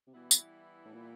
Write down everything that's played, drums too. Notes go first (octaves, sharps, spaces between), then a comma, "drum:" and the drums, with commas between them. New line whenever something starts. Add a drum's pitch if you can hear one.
C3
B2 E3 G3 B3 E4
drum: tambourine
A2
A#2